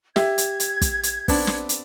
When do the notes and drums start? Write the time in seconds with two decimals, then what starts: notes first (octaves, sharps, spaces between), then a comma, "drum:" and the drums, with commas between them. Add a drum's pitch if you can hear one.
0.16 G4 E5 G#6, drum: snare
0.38 drum: hi-hat
0.60 drum: hi-hat
0.81 drum: kick, hi-hat
1.03 drum: hi-hat
1.28 B3 C4 D4, drum: kick, open hi-hat
1.47 drum: snare
1.69 drum: hi-hat